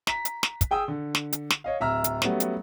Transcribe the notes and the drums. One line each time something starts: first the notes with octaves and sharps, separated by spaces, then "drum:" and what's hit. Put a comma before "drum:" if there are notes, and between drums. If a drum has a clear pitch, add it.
A#5 B6, drum: snare
drum: hi-hat
drum: snare
drum: kick, hi-hat
G#4 G5 D#6 E6
D3
drum: snare
drum: hi-hat
drum: snare
C#5 D#5 F5
D1 E5 A#5 E6 F6
drum: hi-hat
F#3 G3 A3 B3 C#4, drum: snare
drum: hi-hat